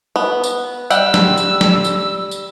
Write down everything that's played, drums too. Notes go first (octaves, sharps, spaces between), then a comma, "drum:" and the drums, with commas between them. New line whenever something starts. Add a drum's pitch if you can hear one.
B3
drum: tambourine
G3 F#5 G5 E6, drum: tambourine
drum: snare
drum: tambourine
drum: snare
drum: tambourine
drum: tambourine